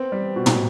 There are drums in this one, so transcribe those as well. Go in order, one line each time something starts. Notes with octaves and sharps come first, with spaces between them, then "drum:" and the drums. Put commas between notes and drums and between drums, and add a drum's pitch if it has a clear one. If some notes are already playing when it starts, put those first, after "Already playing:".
Already playing: B3 C4
G3
B2
drum: tom